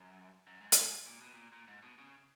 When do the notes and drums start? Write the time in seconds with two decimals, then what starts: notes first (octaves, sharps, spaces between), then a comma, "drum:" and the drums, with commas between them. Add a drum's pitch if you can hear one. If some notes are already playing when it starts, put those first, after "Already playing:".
Already playing: F#2
0.47 F#2
0.61 G#2
0.72 drum: hi-hat
1.06 A#2
1.21 B2
1.34 A#2
1.52 A#2
1.68 G#2
1.83 B2
1.98 C#3